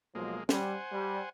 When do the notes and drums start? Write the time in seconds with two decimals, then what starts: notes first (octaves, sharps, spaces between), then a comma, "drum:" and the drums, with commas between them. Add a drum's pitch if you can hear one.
0.15 B1 F3 G#3 A#3
0.49 G3 C5 F#5 G#5, drum: snare
0.92 G3